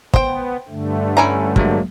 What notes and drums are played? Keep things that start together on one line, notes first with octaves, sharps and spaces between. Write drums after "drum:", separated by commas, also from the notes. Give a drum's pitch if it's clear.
B3 C5 G5, drum: kick
G2 D3 A3
C#4 E4 G#5 A#5
F#3 G#3 A#3, drum: kick